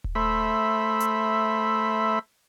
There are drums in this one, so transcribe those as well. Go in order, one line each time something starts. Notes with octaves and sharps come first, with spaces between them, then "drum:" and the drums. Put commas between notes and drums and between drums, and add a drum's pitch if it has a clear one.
drum: kick D#1
A3 C5 E5 B5
drum: hi-hat